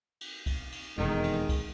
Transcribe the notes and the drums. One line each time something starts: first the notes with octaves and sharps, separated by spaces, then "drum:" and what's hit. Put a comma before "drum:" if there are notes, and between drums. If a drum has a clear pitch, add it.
drum: cymbal
drum: kick, cymbal
drum: cymbal
E1 F2 D#3 G#3
drum: cymbal
drum: kick, cymbal